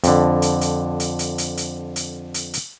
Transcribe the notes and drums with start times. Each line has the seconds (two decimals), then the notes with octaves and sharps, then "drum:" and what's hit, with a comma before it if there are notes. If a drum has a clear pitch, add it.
0.04 F2 D3, drum: hi-hat
0.42 drum: hi-hat
0.61 drum: hi-hat
1.00 drum: hi-hat
1.19 drum: hi-hat
1.38 drum: hi-hat
1.57 drum: hi-hat
1.96 drum: hi-hat
2.34 drum: hi-hat
2.54 drum: hi-hat